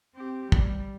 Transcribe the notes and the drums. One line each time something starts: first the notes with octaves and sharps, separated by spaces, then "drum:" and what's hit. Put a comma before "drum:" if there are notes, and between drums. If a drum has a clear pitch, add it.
C4 G4
G3, drum: kick